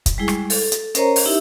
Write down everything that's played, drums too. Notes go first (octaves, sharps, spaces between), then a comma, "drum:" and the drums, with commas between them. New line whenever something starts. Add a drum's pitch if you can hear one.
drum: kick, hi-hat
G3 G#3 E4 G#4
drum: rim click
A4, drum: open hi-hat
drum: hi-hat
C#4 A#4 C5 C#5 D#5 A#5, drum: hi-hat
drum: open hi-hat
D#4 E4 G4 E5 E6